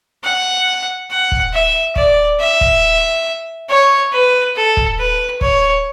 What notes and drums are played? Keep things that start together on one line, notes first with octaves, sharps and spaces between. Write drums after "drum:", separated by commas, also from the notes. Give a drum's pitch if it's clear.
F#5
F#5
drum: kick
E5
D5, drum: kick
E5
drum: kick
C#5
B4
A4
drum: kick
B4
C#5, drum: kick